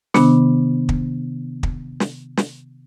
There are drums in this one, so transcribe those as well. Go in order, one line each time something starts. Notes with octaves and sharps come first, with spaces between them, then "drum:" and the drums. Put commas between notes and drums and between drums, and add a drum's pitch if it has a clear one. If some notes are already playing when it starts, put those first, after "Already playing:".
C3 D#3 B3 D4, drum: snare
drum: kick
drum: kick
drum: snare
drum: snare